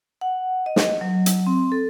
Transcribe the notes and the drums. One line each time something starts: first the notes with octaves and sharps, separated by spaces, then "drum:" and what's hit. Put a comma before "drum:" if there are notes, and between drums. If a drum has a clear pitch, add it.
F#5
D#5
drum: snare
F#3
drum: hi-hat
C4
A4